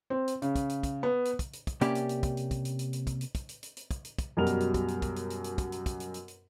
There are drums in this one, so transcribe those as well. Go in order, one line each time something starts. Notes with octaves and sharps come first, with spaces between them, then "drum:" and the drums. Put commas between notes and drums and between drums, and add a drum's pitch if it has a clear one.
C4
drum: hi-hat
C#3, drum: hi-hat
drum: kick, hi-hat
drum: hi-hat
drum: kick, hi-hat
B3
drum: hi-hat
drum: kick, hi-hat
drum: hi-hat
drum: kick, hi-hat
C3 A#3 C#4 G4 D5 B5, drum: hi-hat
drum: hi-hat
drum: hi-hat
drum: kick, hi-hat
drum: hi-hat
drum: kick, hi-hat
drum: hi-hat
drum: hi-hat
drum: hi-hat
drum: kick, hi-hat
drum: hi-hat
drum: kick, hi-hat
drum: hi-hat
drum: hi-hat
drum: hi-hat
drum: kick, hi-hat
drum: hi-hat
drum: kick, hi-hat
F#2 B2 G3 A#4 F7
drum: hi-hat
drum: hi-hat
drum: kick, hi-hat
drum: hi-hat
drum: kick, hi-hat
drum: hi-hat
drum: hi-hat
drum: hi-hat
drum: kick, hi-hat
drum: hi-hat
drum: kick, hi-hat
drum: hi-hat
drum: hi-hat
drum: hi-hat